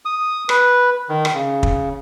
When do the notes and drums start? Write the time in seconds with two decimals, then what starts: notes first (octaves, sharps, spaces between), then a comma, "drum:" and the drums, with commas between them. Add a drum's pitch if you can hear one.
0.05 D#6
0.49 B4, drum: rim click
1.09 D#3
1.25 drum: rim click
1.34 C#3
1.63 drum: kick